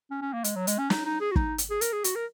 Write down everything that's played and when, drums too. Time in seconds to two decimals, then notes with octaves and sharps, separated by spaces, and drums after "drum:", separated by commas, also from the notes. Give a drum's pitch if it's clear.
0.11 C#4
0.22 C#4
0.33 A#3
0.44 G#3, drum: hi-hat
0.56 F#3
0.67 G#3, drum: hi-hat
0.78 C#4
0.90 D#4, drum: snare
1.05 D#4
1.20 G#4
1.32 F#4
1.36 D#4, drum: kick
1.58 drum: hi-hat
1.70 G#4
1.81 A#4, drum: hi-hat
1.92 G#4
2.04 F#4, drum: hi-hat
2.15 A#4